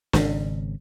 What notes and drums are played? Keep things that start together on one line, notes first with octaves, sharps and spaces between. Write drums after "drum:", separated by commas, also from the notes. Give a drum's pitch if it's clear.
G#1 C#3, drum: snare